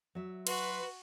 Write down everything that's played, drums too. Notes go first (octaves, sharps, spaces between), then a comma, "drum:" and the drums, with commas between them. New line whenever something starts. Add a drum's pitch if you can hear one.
F#3 E5
F#4 B4 C6, drum: cymbal